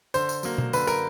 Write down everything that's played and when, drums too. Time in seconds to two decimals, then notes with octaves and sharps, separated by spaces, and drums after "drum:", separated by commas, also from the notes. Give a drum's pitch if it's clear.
0.14 D3 C5, drum: tambourine
0.29 drum: tambourine
0.43 F#3 A#3, drum: tambourine
0.58 drum: tom B2
0.73 D3 B4, drum: tambourine
0.87 A#4, drum: tambourine